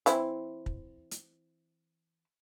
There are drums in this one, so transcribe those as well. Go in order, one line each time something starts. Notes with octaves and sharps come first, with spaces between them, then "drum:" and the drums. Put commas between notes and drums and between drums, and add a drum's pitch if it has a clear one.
E3 C4 E4, drum: hi-hat
drum: kick
drum: hi-hat